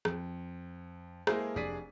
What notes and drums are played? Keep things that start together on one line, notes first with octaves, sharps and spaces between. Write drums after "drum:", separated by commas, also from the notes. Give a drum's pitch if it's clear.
F2, drum: rim click
G#3 A#3 E4 G#4 A4 C5, drum: rim click
F1 D4 G#4 D5 B6 D#7